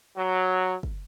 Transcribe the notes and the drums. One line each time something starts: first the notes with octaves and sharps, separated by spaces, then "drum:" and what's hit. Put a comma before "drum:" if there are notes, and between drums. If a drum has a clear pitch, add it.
F#3
drum: kick